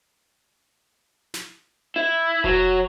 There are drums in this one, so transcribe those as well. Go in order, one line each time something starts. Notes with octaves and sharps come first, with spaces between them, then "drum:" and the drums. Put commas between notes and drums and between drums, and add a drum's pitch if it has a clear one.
drum: snare
E4
F#3, drum: kick F1